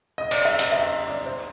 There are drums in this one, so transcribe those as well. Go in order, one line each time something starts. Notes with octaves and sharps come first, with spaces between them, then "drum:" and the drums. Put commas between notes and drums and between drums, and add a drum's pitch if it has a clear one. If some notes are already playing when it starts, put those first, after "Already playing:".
D#5
D5, drum: cymbal
E5
D#5, drum: hi-hat
E5
D5
C5